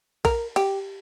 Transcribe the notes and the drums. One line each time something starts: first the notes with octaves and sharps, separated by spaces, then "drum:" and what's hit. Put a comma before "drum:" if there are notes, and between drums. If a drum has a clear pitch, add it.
A#4, drum: kick A#1, cymbal
G4, drum: cymbal